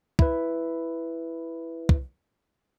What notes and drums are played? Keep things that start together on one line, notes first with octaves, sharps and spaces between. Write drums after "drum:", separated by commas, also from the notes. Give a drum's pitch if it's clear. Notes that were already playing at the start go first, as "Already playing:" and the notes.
E4 B4, drum: kick
drum: kick